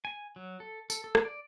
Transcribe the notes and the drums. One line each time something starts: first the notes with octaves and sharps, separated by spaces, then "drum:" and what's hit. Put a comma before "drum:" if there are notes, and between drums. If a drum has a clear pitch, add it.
G#5
F#3
A4
A4, drum: tambourine
A4
drum: rim click
D5